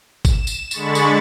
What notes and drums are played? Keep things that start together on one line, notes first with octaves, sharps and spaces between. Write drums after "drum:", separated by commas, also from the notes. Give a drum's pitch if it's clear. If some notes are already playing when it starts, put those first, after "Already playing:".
E7, drum: kick G#1, tambourine
drum: tambourine
D3 G#3 B5 C#6 A6, drum: tambourine
drum: tambourine